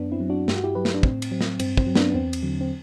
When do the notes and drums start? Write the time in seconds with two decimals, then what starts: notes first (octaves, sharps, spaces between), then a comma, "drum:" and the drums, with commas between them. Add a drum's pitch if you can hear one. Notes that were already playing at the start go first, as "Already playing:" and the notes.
Already playing: F#2 B3 D4
0.12 C4 E4
0.20 F#3
0.30 D4 F#4
0.48 G2 G4, drum: snare
0.56 F#4
0.63 E4 G4
0.75 F#3 G4 B4
0.85 drum: snare
0.94 D4
1.03 A2 C4, drum: kick
1.22 drum: cymbal
1.31 F#3 C4
1.41 drum: snare
1.59 G2 C4, drum: cymbal
1.77 C4, drum: kick
1.87 F#3
1.95 B3 D4, drum: snare
2.10 B3
2.14 E2 C4
2.33 drum: cymbal
2.42 D3 F#3
2.61 C4